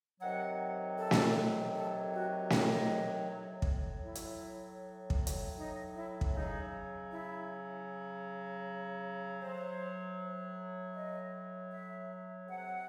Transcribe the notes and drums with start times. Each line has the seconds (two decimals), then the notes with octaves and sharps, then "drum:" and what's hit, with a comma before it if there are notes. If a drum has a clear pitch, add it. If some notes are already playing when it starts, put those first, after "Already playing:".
0.20 C3 D#3 F#3 F#5
0.98 A4
1.11 drum: snare
1.74 A4
2.13 F#4
2.50 D#4, drum: snare
3.28 A2 F#3
3.62 drum: kick
4.04 E4
4.15 drum: hi-hat
5.10 drum: kick
5.27 drum: hi-hat
5.57 D#4
5.96 E4
6.21 drum: kick
6.34 C#3 F#3 D#4
7.11 E4
9.41 A2 F#3 C5
10.95 D#5
11.71 E5
12.48 C3 F#3 F#5